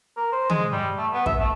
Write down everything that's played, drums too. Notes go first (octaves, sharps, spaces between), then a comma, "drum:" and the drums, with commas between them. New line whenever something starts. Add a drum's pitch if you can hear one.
A#4
C5
G#3, drum: tom D3
G3
A3
B3
E5, drum: kick
A3